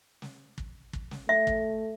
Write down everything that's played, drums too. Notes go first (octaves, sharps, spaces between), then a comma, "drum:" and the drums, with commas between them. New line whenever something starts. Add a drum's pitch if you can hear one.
drum: snare
drum: kick
drum: kick
drum: snare
A3 E5
drum: kick